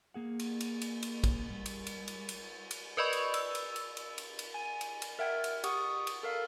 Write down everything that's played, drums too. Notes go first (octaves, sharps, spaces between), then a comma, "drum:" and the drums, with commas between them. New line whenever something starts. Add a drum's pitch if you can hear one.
A#3 G#4 F#5
drum: cymbal
drum: cymbal
drum: cymbal
drum: cymbal
drum: kick, cymbal
G3
drum: cymbal
drum: cymbal
drum: cymbal
drum: cymbal
drum: cymbal
A#4 B4 D5 D#5 B5 C#6
drum: cymbal
E6, drum: cymbal
drum: cymbal
drum: cymbal
drum: cymbal
drum: cymbal
drum: cymbal
G#5
drum: cymbal
drum: cymbal
A#4 E5 F#5 G5 G#6
drum: cymbal
G4 F#5 C#6 D#6, drum: cymbal
drum: cymbal
A4 A#4 F5